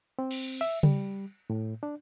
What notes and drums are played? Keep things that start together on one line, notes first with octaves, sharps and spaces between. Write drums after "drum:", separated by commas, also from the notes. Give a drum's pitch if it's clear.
C4
drum: cymbal
E5
G3, drum: tom C#3
A2
D4